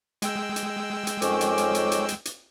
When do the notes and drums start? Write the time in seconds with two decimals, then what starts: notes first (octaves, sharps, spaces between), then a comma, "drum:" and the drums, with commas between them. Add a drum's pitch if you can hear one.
0.22 G#3 G5 E6, drum: hi-hat
0.56 drum: hi-hat
1.07 drum: hi-hat
1.22 F2 D#3 C#4 D6, drum: hi-hat
1.41 drum: hi-hat
1.58 drum: hi-hat
1.75 drum: hi-hat
1.92 drum: hi-hat
2.08 drum: hi-hat
2.25 drum: hi-hat